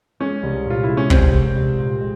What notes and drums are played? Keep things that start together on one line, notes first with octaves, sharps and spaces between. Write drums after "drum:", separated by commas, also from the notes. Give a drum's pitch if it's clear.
G#3 C#4
C2
A#2 F4
E4
G#3
C#4
C2 C4, drum: kick
C2
C2
A#2
G#3